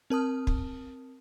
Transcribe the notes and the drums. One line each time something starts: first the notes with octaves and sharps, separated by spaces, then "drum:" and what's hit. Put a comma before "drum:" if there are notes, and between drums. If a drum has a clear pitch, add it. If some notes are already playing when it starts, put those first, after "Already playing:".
C4 A#4 A5 D#6 F6
drum: kick